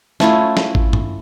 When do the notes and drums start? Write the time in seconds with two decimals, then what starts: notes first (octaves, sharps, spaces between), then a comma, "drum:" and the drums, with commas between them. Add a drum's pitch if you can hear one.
0.20 A3 C#4 E4 F4, drum: snare
0.57 drum: snare
0.75 drum: kick G#1
0.93 drum: tom G2